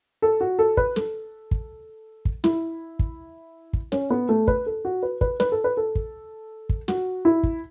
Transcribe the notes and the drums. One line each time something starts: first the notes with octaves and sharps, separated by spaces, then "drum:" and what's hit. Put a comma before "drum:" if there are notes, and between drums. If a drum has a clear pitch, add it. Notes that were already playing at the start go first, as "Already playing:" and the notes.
A4
F#4
A4
B4, drum: kick
A4, drum: snare
drum: kick
drum: kick
E4, drum: snare
drum: kick
drum: kick
C#4, drum: snare
B3
A3
B4, drum: kick
A4
F#4
B4
B4, drum: kick
B4, drum: snare
A4
B4
A4
drum: kick
drum: kick
F#4, drum: snare
E4
drum: kick